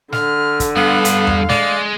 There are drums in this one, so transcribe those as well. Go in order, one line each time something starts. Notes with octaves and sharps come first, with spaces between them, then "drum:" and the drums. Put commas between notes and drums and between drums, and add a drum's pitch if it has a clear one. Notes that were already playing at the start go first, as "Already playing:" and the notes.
D3 F6, drum: snare
drum: kick, hi-hat
G2 B3 F5
drum: hi-hat
drum: tom E2
G#3 D5, drum: snare